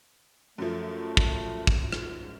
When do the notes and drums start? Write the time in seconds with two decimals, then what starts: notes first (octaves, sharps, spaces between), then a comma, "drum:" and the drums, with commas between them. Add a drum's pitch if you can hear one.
0.58 F#2 F3 A3
1.17 drum: kick
1.67 drum: kick
1.92 drum: rim click
2.18 G#2